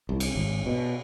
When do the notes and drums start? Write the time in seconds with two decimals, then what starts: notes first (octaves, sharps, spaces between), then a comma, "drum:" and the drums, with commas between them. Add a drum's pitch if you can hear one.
0.09 C2
0.20 drum: cymbal
0.36 G#1
0.66 B2